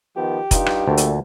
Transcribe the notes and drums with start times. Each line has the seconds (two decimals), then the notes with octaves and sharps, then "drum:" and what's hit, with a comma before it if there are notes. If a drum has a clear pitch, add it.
0.16 D#3 F3 B3 G4
0.51 G2 D#4 F4, drum: kick F1, hi-hat
0.66 drum: rim click
0.88 D2 A#2 A3
0.97 drum: hi-hat